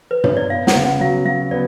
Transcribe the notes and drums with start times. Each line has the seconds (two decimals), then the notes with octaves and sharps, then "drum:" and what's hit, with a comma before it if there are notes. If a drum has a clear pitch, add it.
0.11 B4
0.24 C#5, drum: tom G2
0.37 D5
0.50 B3 F5
0.67 F#5, drum: snare
0.75 C#3
0.84 F#5
1.00 F#3 F5
1.25 F#3 F5
1.51 B3 D5